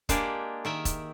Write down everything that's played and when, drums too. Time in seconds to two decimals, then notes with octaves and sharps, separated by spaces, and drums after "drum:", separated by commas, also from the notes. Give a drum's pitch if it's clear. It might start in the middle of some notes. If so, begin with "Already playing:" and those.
0.09 G#3 A#3 D4 G4 G#4, drum: kick E1, hi-hat
0.65 D#3 A#4 E5
0.85 drum: kick E1, hi-hat